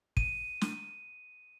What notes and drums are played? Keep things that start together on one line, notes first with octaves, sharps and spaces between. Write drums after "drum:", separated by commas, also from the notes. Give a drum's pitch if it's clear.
D#7, drum: kick
drum: snare